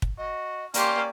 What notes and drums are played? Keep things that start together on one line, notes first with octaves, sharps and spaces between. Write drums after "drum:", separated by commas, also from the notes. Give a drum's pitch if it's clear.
drum: kick
F#4 D#5
A#3 C#4 G4 D5 C6 F6, drum: hi-hat